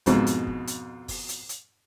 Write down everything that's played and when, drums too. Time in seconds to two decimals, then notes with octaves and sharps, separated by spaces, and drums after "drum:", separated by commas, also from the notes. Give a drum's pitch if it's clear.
0.06 F2 G#2 B2, drum: kick, hi-hat
0.27 drum: hi-hat
0.47 drum: kick
0.67 drum: hi-hat
1.08 drum: kick, open hi-hat
1.29 drum: hi-hat
1.49 drum: hi-hat